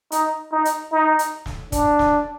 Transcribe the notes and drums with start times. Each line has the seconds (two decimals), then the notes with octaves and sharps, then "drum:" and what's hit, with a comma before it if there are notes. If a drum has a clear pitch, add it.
0.12 D#4, drum: hi-hat
0.52 D#4
0.65 drum: hi-hat
0.92 D#4
1.19 drum: hi-hat
1.46 drum: snare
1.72 D4, drum: kick, hi-hat
1.99 drum: snare